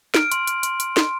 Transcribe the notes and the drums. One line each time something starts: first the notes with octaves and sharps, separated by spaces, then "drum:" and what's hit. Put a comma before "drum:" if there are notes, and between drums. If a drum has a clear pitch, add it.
F6 D7, drum: snare
C6, drum: hi-hat
F6, drum: hi-hat
C6, drum: hi-hat
F6, drum: hi-hat
C6, drum: snare